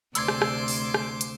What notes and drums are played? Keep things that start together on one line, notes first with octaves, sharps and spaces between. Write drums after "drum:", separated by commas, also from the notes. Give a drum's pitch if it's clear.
D2 C3 C5 D5 C6 D6 E6 G#6, drum: hi-hat
drum: rim click
drum: rim click
drum: open hi-hat
drum: rim click
drum: hi-hat